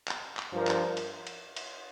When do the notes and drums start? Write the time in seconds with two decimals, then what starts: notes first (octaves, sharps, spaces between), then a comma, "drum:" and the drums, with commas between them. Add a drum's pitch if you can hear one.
0.07 drum: clap
0.37 drum: clap
0.52 G2 F3 D4 A#4
0.67 drum: clap
0.97 drum: cymbal
1.27 drum: cymbal
1.56 drum: cymbal